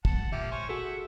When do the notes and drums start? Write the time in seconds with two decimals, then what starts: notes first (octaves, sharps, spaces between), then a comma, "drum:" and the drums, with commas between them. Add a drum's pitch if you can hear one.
0.05 A#3 F#5 A5, drum: kick
0.19 C#3
0.32 A#2 F3 G#3 A#3 G4 E5
0.51 C5 C#5 G#5
0.69 F#4 G#4 A4 E5 F#5